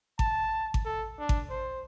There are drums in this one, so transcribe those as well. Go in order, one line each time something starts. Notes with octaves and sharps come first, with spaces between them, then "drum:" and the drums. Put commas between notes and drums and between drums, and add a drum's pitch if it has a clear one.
A5, drum: kick G#1
drum: kick G#1
A4
D4
drum: kick G#1
C5